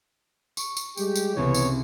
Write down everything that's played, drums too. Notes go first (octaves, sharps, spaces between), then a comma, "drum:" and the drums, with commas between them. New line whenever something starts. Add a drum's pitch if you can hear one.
C#6, drum: tambourine
drum: tambourine
G3 G#3 G4, drum: tambourine
drum: tambourine
C2 C#3 E3 B3 C#5
drum: tambourine